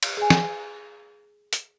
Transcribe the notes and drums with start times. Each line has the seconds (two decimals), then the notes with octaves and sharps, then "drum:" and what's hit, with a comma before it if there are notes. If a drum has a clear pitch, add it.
0.03 drum: cymbal
0.17 G#4 G#5
0.30 drum: snare
1.53 drum: hi-hat